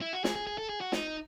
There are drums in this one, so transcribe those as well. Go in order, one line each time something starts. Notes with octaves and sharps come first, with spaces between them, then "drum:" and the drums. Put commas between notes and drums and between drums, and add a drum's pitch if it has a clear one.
E4
F#4
G#4, drum: snare
G#4
G#4
A4
G#4
F#4
D#4, drum: snare